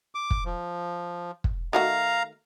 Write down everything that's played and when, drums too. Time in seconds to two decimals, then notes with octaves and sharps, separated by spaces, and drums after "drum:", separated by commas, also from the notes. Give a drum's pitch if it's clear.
0.15 D6
0.31 drum: kick
0.45 F3
1.44 drum: kick
1.73 D#3 A3 F#4 F5 A#5